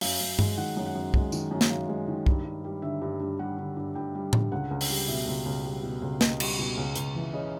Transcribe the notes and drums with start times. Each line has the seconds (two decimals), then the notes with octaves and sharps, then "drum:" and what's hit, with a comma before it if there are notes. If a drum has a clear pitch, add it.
0.01 F#2 F5, drum: open hi-hat
0.20 F#2
0.39 G#3, drum: tom G2
0.57 D#3 F#5
0.77 F#2
0.86 F#5
0.95 F#2
1.14 G#3, drum: kick
1.32 D#3, drum: tambourine
1.51 F#2
1.61 drum: snare
1.70 F#2 F5
1.89 G#3
2.08 D#3
2.26 G2, drum: kick
2.45 G2
2.64 G3
2.82 D3 E5
3.01 G2
3.20 G2
3.39 G3 F#5
3.58 D3
3.77 G2
3.95 G2 G5
4.15 G3
4.33 D3, drum: tom A2
4.52 C#2 F#5
4.71 C#2
4.81 drum: open hi-hat
4.90 G3
5.08 B2 E5
5.27 C#2
5.46 C#2
5.65 G3
5.83 B2
6.02 C#2
6.21 C#2 D#5, drum: snare
6.40 G3, drum: cymbal
6.59 B2
6.77 C#2
6.96 C#2, drum: hi-hat
7.15 E3
7.33 C#3 D#5